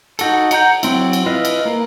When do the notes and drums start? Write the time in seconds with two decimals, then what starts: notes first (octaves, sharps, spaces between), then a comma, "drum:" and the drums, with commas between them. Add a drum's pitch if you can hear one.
0.19 D#4 F#4 A4, drum: cymbal
0.51 F#5 A#5 G6, drum: cymbal
0.83 F#3 C4 E4, drum: cymbal
1.13 drum: cymbal
1.26 E4 F4 B4 D#5 F5
1.45 drum: cymbal
1.65 A#3